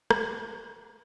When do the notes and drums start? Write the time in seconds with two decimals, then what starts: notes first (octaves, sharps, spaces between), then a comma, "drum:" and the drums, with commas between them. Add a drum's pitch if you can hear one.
0.11 B4, drum: rim click